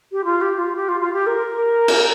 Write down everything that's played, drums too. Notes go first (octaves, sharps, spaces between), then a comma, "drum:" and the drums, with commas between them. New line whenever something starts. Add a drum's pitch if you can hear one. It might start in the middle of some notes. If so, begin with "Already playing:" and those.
G4
F4
G4
F4
G4
F4
F4
G4
A#4
drum: cymbal